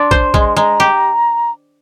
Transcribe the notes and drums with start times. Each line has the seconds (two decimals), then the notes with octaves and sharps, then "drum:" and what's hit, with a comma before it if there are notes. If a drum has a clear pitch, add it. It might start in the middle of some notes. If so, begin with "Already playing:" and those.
Already playing: D4 C6
0.11 C5, drum: kick
0.34 G#3, drum: kick
0.56 G#3 A#5
0.80 G4